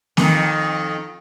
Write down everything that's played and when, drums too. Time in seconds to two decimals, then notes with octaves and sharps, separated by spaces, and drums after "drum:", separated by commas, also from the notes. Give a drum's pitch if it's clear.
0.17 F2 D#3, drum: snare A#3